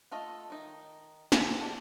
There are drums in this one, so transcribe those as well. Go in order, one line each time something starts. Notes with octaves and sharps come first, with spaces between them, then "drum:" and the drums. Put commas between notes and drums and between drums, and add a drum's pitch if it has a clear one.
A3 F4 A4 D#5
D#3 D#4
G#4 C5 E5 G#5, drum: snare
F#4 G4 A4 D5